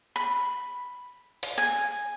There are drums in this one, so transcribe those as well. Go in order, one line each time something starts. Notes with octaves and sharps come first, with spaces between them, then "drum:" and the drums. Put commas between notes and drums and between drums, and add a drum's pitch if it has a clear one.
B5
drum: open hi-hat
G#5